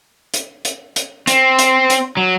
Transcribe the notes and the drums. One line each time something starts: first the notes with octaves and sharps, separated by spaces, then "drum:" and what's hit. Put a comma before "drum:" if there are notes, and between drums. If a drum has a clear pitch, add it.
drum: hi-hat
drum: hi-hat
drum: hi-hat
C4, drum: hi-hat
drum: hi-hat
drum: hi-hat
F#3